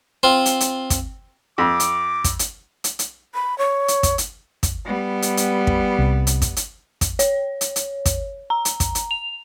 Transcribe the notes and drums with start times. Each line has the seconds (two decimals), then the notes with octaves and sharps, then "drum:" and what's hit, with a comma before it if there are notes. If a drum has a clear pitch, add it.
0.23 C4 F4
0.46 drum: hi-hat
0.60 drum: hi-hat
0.90 drum: kick, hi-hat
1.58 F2 D6
1.80 drum: hi-hat
2.24 drum: kick, hi-hat
2.39 drum: hi-hat
2.84 drum: hi-hat
2.99 drum: hi-hat
3.34 B5
3.58 C#5
3.88 drum: hi-hat
4.03 drum: kick, hi-hat
4.18 drum: hi-hat
4.63 drum: kick, hi-hat
4.85 G3 B3
5.22 drum: hi-hat
5.37 drum: hi-hat
5.67 drum: kick
5.98 C2
6.27 drum: hi-hat
6.42 drum: kick, hi-hat
6.56 drum: hi-hat
7.01 drum: kick, hi-hat
7.19 C#5, drum: hi-hat
7.61 drum: hi-hat
7.76 drum: hi-hat
8.05 drum: kick, hi-hat
8.50 A#5
8.65 drum: hi-hat
8.80 drum: kick, hi-hat
8.95 drum: hi-hat
9.11 F7